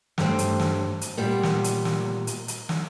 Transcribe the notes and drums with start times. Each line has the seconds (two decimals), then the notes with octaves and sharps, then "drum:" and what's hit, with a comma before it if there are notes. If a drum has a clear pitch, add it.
0.18 G2 A3 C4, drum: snare
0.39 drum: hi-hat
0.60 drum: snare
1.01 drum: hi-hat
1.17 A#2 G3 B3
1.43 drum: snare
1.64 drum: hi-hat
1.85 drum: snare
2.27 drum: hi-hat
2.48 drum: hi-hat
2.69 drum: snare